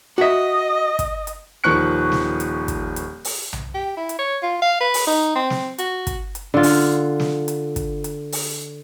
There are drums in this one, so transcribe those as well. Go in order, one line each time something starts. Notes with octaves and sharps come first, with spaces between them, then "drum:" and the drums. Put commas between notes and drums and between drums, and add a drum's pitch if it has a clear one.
F#4 D#5 E5
drum: kick, hi-hat
drum: hi-hat
D#1 D#3 F3 C#6 F#6 C#7
drum: snare
drum: hi-hat
drum: kick, hi-hat
drum: hi-hat
drum: open hi-hat
drum: tom B1
G4
E4
drum: hi-hat
C#5
F4
F5
B4
drum: open hi-hat
D#4
C4
drum: snare
F#4, drum: hi-hat
drum: kick, hi-hat
drum: hi-hat
D3 F4
drum: open hi-hat
drum: snare
drum: hi-hat
drum: kick, hi-hat
drum: hi-hat
drum: open hi-hat